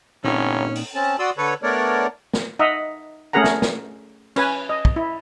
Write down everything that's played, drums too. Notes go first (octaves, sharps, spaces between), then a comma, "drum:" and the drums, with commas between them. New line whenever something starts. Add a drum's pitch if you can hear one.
G1 A#2 C4 C#4 D#4 C#5
drum: open hi-hat
C4 C#4 A5
F#4 D5 C6 D#6 E6
D3 A4 B4 C#5
A3 B3 D4 A#4 C#5 D5
drum: snare
D#4 D#5 E5 F#5 A#5
A3 C#4 G#4 A#4 F#5 A#5
drum: snare
drum: snare
C#4 B4 G#5, drum: cymbal
D#5
drum: kick
E4